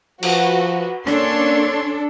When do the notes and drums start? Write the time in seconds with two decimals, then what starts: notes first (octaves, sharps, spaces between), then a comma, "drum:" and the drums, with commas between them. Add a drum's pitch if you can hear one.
0.23 F3 F#4 B4, drum: cymbal
1.07 A#3 C#4 D4 A4 C#5 C6, drum: rim click